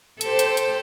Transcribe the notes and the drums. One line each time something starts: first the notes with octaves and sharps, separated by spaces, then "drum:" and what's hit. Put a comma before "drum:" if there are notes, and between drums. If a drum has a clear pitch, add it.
G4 A4 C5, drum: hi-hat
drum: hi-hat
drum: hi-hat